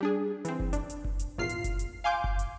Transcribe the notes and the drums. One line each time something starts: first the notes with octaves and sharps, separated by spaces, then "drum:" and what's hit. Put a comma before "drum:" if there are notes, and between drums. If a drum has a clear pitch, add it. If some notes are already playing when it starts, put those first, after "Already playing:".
G3 D4 G#4
E3 C4, drum: hi-hat
drum: kick F#1
D4, drum: hi-hat
drum: hi-hat
drum: kick F#1
drum: hi-hat
G#1 E2 A#2 F4 F6 C7
drum: hi-hat
drum: kick F#1, hi-hat
drum: hi-hat
F5 G#5 C6 D6 G6
drum: kick F#1
drum: hi-hat